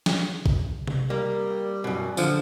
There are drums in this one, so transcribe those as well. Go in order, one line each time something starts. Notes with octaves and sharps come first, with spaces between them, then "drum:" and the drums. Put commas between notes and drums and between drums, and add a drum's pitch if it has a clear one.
drum: snare
drum: kick A1
drum: tom C3
G3 A#3
F#2 B2
D3 F3, drum: tambourine